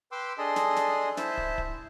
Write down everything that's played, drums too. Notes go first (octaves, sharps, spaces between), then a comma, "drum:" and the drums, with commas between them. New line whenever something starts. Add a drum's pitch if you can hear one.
B4 G5 C6 D6 E6
D4 G#4 A4 D#5 C6
drum: snare
drum: snare
E4 C5 E5 A5, drum: snare
drum: kick
drum: kick